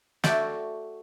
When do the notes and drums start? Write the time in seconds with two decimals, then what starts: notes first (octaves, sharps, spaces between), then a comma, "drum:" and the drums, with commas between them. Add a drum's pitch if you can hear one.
0.24 A3 F#4 D5 E5 G5, drum: snare